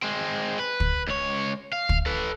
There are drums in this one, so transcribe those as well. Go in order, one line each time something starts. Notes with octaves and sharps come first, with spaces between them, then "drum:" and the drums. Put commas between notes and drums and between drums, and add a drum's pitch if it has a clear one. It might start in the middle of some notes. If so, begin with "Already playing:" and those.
G#3 C4
B4
drum: kick
C#2 C#5
F5
drum: kick
A4 B4